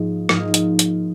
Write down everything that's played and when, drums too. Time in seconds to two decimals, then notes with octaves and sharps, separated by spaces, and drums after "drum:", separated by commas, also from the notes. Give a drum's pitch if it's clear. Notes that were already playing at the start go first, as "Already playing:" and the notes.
Already playing: G#2 F3 A#3 D#4
0.29 G#2 F3 A#3 D#4 A#4, drum: rim click
0.54 drum: hi-hat
0.79 drum: hi-hat